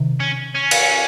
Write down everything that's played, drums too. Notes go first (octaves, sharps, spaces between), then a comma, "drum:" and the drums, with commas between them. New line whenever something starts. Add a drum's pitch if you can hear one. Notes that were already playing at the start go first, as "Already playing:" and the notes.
Already playing: C3 D#3
C#4
C#4
drum: cymbal